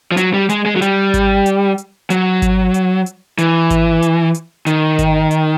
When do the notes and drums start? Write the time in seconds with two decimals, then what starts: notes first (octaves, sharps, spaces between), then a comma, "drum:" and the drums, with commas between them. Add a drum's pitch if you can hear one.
0.12 F3
0.17 F#3, drum: hi-hat
0.34 G3
0.49 G#3, drum: hi-hat
0.66 G#3
0.76 F#3
0.82 G3, drum: hi-hat
1.14 drum: kick G#1, hi-hat
1.46 drum: hi-hat
1.78 drum: hi-hat
2.10 F#3, drum: hi-hat
2.42 drum: kick G#1, hi-hat
2.74 drum: hi-hat
3.06 drum: hi-hat
3.38 E3, drum: hi-hat
3.70 drum: kick G#1, hi-hat
4.02 drum: hi-hat
4.34 drum: hi-hat
4.66 D#3, drum: hi-hat
4.99 drum: kick G#1, hi-hat
5.31 drum: hi-hat